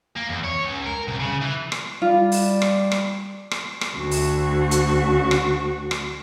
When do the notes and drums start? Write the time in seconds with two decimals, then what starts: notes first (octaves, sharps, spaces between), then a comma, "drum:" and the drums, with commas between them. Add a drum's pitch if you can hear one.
0.16 A#3
0.29 E2
0.44 C#5
0.63 C#2
0.86 A#4
1.08 C2
1.20 C#3
1.42 E3
1.72 drum: rim click
2.02 G3 F4
2.32 drum: open hi-hat
2.62 drum: rim click
2.92 drum: rim click
3.51 drum: rim click
3.81 drum: rim click
3.97 D2 F#4
4.11 drum: open hi-hat
4.71 drum: hi-hat
5.31 drum: rim click
5.91 drum: rim click